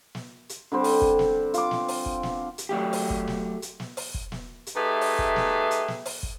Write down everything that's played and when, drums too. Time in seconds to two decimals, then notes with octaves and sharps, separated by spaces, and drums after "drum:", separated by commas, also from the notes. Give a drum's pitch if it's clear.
0.15 drum: snare
0.49 drum: hi-hat
0.72 D3 G3 C4
0.84 drum: open hi-hat
1.02 drum: kick
1.19 drum: snare
1.54 F4 D6, drum: hi-hat
1.71 drum: snare
1.88 drum: open hi-hat
2.06 drum: kick
2.23 drum: snare
2.58 drum: hi-hat
2.69 F#3 A3 G4
2.93 drum: open hi-hat
3.10 drum: kick
3.27 drum: snare
3.62 drum: hi-hat
3.80 drum: snare
3.97 drum: open hi-hat
4.14 drum: kick
4.32 drum: snare
4.67 drum: hi-hat
4.76 A3 D#4 G4 G#4 B4 E5
5.01 drum: open hi-hat
5.19 drum: kick
5.36 drum: snare
5.71 drum: hi-hat
5.88 drum: snare
6.06 drum: open hi-hat
6.23 drum: kick